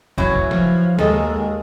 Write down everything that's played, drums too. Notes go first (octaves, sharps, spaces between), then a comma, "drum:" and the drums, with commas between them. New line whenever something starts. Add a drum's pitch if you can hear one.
E3 F#3 C#4, drum: kick
drum: kick
F3, drum: snare
D#2 G#3 A4 D#5, drum: snare